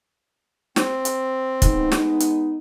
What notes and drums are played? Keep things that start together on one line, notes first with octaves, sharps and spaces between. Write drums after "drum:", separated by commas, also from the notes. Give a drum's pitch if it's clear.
C4, drum: snare
drum: hi-hat
G#3 B3 D#4, drum: kick, hi-hat
drum: snare
drum: hi-hat